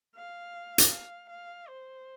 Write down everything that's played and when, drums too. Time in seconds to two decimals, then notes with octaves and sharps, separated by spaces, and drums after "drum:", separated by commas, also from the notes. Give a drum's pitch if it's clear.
0.16 F5
0.78 drum: hi-hat
0.91 F5
1.30 F5
1.68 C5